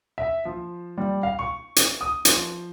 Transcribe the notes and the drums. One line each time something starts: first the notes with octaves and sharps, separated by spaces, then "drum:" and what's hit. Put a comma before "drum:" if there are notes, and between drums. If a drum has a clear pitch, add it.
E5
F3
G3
F5
C#6
drum: hi-hat
D#6
F3, drum: hi-hat